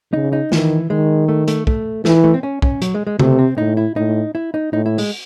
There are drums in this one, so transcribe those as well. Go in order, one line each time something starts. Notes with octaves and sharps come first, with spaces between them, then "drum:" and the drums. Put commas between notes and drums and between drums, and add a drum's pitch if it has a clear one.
C#3 D#4
D#4
D#3 E3, drum: snare
D#3 G#3
A3
A3, drum: hi-hat
A3, drum: kick
E3 A3, drum: snare
A3
C4
C#4
C#4, drum: kick
F#3, drum: hi-hat
G#3
G#3
C3 A3, drum: tom C#3
C4
A2 D#4
E4
A2 D#4
E4
D#4
A2 D#4
E4
G#3, drum: open hi-hat